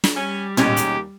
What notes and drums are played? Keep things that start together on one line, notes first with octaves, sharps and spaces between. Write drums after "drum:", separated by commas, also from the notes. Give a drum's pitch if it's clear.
drum: snare
G3 C#4
D#2 B2 G#3 C#4 D#4 G4, drum: tom A2
drum: hi-hat